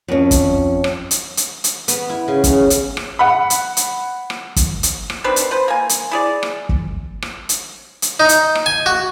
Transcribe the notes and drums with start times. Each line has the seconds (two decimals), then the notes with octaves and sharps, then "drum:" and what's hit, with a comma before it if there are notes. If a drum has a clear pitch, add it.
0.08 F2 C#4
0.31 drum: kick, hi-hat
0.84 drum: rim click
1.11 drum: hi-hat
1.37 drum: hi-hat
1.64 drum: hi-hat
1.88 B3, drum: hi-hat
2.09 E4
2.28 C#3
2.44 C#4, drum: kick, hi-hat
2.70 drum: hi-hat
2.97 drum: rim click
3.19 F#5 B5
3.50 drum: hi-hat
3.77 drum: hi-hat
4.30 drum: rim click
4.56 drum: kick, hi-hat
4.83 drum: hi-hat
5.10 drum: rim click
5.24 D#3 C4 D4 B4
5.36 drum: hi-hat
5.51 B4 C5
5.68 A#3 G#5
5.89 drum: hi-hat
6.11 E4 G#4 D5
6.43 drum: rim click
6.69 drum: kick
7.22 drum: rim click
7.49 drum: hi-hat
8.02 drum: hi-hat
8.20 D#4
8.29 drum: hi-hat
8.55 drum: rim click
8.66 G#5
8.86 F#4